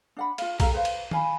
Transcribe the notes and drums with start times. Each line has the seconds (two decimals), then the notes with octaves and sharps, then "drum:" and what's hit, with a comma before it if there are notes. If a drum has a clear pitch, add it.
0.17 D4 F#5 B5
0.38 F4 F5, drum: cymbal
0.60 G4 A4 F5 A#5, drum: kick, cymbal
0.74 B4 C5 F5
0.85 drum: cymbal
1.11 F5 G#5 B5, drum: tom D#3